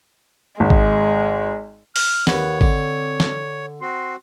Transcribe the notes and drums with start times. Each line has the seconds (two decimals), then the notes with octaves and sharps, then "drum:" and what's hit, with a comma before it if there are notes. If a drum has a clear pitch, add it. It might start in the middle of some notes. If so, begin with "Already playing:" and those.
0.60 G#1 G#3
0.70 drum: kick G#1
1.96 F6, drum: open hi-hat
2.27 D#2 B4 C#5 F#5, drum: snare
2.61 D3 C4, drum: kick G#1
3.20 drum: snare
3.81 C4 F#4 C6